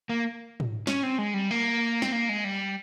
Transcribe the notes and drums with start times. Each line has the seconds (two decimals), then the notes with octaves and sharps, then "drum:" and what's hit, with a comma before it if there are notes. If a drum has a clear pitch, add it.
0.09 A#3
0.60 drum: tom
0.87 C#4, drum: snare
1.03 C4
1.18 G#3
1.34 G3
1.51 A#3
2.02 C4, drum: snare
2.12 A#3
2.29 G#3
2.44 G3